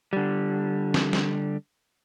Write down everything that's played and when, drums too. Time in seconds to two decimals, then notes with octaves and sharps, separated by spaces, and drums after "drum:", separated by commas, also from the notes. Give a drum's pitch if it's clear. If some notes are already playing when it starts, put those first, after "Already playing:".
0.13 D3 G3
0.94 drum: snare
1.13 drum: snare